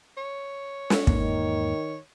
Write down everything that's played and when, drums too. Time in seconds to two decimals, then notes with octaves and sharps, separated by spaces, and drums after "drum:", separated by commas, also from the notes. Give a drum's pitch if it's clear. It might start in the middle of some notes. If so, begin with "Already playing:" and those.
0.17 C#5
0.90 drum: snare
1.07 E2 G#2 D#3 A#3, drum: kick